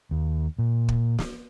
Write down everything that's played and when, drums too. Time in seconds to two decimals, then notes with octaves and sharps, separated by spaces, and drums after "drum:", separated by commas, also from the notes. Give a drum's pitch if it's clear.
0.11 D#2
0.59 A#2
0.89 drum: kick
1.19 drum: snare